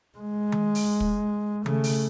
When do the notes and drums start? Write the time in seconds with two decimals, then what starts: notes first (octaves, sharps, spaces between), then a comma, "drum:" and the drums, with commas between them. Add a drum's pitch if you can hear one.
0.18 G#3
0.52 drum: tom D#3
0.75 drum: open hi-hat
1.00 drum: kick
1.66 C#3 A3, drum: tom D#3
1.84 drum: open hi-hat